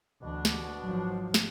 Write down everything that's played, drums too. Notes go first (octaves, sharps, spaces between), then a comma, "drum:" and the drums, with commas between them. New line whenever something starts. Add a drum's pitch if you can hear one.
D2 B2 E3 D4
drum: snare
G#1 F3 F#3
drum: snare